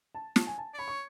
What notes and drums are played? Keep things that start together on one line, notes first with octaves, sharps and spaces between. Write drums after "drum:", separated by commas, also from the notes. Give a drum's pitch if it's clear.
A5
A5, drum: snare
G#5
A5
D5
C#5 B5
C#6